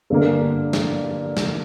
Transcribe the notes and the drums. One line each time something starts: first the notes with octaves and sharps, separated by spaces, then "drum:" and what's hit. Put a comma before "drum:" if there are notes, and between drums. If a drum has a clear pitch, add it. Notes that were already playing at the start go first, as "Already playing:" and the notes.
G2 D3 A#3
drum: snare
drum: snare